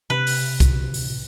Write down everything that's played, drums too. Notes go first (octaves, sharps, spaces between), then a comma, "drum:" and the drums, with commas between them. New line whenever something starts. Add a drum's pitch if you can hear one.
C3 B4
drum: open hi-hat
drum: kick C2, hi-hat
drum: open hi-hat